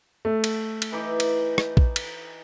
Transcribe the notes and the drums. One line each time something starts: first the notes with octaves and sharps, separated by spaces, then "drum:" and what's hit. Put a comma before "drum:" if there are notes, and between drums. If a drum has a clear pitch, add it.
A3
drum: cymbal
drum: cymbal
E3 D#4 D6
drum: cymbal
drum: rim click
drum: kick A#1
drum: cymbal